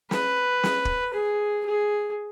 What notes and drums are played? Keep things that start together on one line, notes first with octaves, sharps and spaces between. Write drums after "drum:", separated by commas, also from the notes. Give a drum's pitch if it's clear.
B4, drum: snare
drum: snare
drum: kick
G#4
G#4